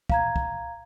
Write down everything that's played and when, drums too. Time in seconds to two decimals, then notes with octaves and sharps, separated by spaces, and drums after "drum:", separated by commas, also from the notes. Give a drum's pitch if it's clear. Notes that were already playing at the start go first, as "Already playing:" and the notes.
0.10 F5 A#5 G#6, drum: kick
0.36 drum: kick